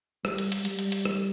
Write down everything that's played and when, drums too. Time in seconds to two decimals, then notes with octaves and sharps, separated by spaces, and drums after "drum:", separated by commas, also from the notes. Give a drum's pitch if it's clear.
0.25 G3, drum: rim click
0.38 drum: hi-hat
0.52 drum: hi-hat
0.65 G3, drum: hi-hat
0.79 drum: hi-hat
0.92 drum: hi-hat
1.05 drum: rim click